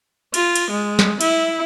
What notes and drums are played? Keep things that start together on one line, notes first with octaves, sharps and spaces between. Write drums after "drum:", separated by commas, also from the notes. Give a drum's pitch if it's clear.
F4, drum: cymbal
drum: cymbal
G#3
drum: snare
E4, drum: cymbal